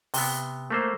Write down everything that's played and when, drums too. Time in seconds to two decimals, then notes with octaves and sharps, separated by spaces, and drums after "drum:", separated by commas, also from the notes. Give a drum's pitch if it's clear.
0.14 C3 B3, drum: open hi-hat
0.71 A3 A#3 C5